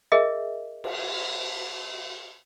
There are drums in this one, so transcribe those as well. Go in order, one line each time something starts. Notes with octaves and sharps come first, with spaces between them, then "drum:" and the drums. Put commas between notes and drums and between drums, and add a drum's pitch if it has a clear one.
G#4 A#4 D#5 E5
drum: cymbal